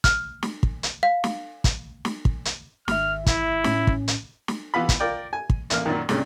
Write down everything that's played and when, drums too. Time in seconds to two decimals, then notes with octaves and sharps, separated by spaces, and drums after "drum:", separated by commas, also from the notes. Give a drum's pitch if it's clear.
0.04 F6, drum: kick, hi-hat
0.43 drum: snare
0.63 drum: kick
0.83 drum: hi-hat
1.03 F5
1.24 drum: snare
1.64 drum: kick, hi-hat
2.05 drum: snare
2.25 drum: kick
2.45 drum: hi-hat
2.88 G#1 E5 F6, drum: snare
3.26 E4, drum: kick, hi-hat
3.64 A2 C#4, drum: snare
3.87 drum: kick
4.08 drum: hi-hat
4.48 drum: snare
4.74 E3 B3 F4 B5
4.89 drum: kick, hi-hat
5.00 F4 A#4 D5 G5
5.33 G#5
5.50 drum: kick
5.70 A1 A#3 F6, drum: hi-hat
5.86 F#2 A#2 D#3
6.09 C2 G2 A#2 C#3, drum: snare